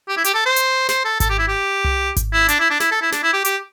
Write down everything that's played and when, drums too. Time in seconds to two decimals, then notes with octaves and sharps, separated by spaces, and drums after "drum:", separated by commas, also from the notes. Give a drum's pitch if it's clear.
0.09 G4
0.17 E4
0.24 G4, drum: hi-hat
0.34 A4
0.46 C5
0.56 drum: hi-hat
0.89 C5, drum: snare
1.05 A4
1.20 A4, drum: kick G#1, hi-hat
1.30 G4
1.38 E4
1.48 G4
1.84 drum: tom C2
2.16 drum: kick G#1, hi-hat
2.33 E4
2.48 D4, drum: hi-hat
2.60 E4
2.70 D4
2.80 E4, drum: snare
2.91 A4
3.02 E4
3.12 D4, drum: snare
3.23 E4
3.33 G4
3.45 G4, drum: hi-hat